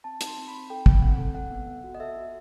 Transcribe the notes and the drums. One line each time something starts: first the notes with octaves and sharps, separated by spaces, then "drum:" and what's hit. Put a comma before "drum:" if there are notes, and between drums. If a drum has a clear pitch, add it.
C4 A5
D#4, drum: hi-hat
C6
C4
B5
C4
A4 G5
C4, drum: kick
C4 F#5
A4
A4 F#5
B3
B3
F#4
D#5
A4 E5
F#4